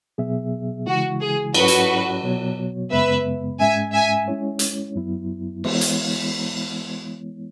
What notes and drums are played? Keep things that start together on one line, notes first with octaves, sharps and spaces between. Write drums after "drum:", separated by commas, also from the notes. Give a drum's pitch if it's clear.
B2 F#3 B3 G#4 E5
C#3 E3 G#3 E4 F#4
G#4
G#2 F#3 C#4 E4 F#4 B4 C#5, drum: cymbal
drum: hi-hat
B2 F#3 B3 F#4 C#5
F#2 C#3 G#3 B3 B4 E5
G#2 G#3 C#4 E5 G#5
E5 G#5
G#3 C#4 E4 C#5
drum: hi-hat
F#2 F#3 B3 E4
E3 G#3 B3 E4 C#5, drum: cymbal
drum: hi-hat